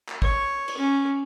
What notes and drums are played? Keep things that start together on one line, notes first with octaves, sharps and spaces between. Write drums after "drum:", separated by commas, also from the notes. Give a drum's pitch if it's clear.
drum: clap
C#5, drum: kick
drum: cymbal
C#4